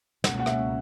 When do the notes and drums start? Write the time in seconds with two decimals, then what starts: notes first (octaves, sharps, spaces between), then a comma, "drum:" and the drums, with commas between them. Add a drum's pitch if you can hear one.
0.24 C#2 B2 A#3 C#4 F#5, drum: snare
0.40 F#5
0.46 E5, drum: rim click